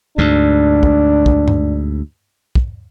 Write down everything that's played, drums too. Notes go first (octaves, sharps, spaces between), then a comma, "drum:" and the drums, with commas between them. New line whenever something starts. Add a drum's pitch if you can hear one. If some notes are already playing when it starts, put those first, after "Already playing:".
D2 G#2 D4
drum: kick
drum: kick
drum: tom G2
drum: kick